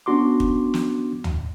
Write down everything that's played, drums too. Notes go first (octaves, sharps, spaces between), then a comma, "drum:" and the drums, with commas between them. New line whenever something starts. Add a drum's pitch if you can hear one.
B3 C#4 D4 F#4 C6 D6
drum: kick
drum: snare
drum: tom